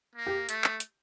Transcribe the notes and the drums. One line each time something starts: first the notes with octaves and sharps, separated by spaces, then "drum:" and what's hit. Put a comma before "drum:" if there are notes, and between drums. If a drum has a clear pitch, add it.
A#3
G4
A3, drum: hi-hat
drum: clap
drum: hi-hat